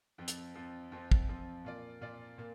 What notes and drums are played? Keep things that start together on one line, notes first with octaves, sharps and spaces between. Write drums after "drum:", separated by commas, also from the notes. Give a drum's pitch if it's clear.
F2 F3 C4
drum: hi-hat
F2 F3 C4
F2 F3 C4
drum: kick
F2 F3 C4
A#2 A#3 F4 D5
A#2 A#3 F4 D5
A#2 A#3